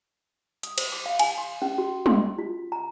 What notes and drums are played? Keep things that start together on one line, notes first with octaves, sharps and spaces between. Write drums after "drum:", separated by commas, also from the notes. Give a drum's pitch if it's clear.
D#6, drum: hi-hat
C5, drum: cymbal
D6
F5
G#5, drum: cymbal
C6
C#4
F#4
C6, drum: tom G3
F4
A#5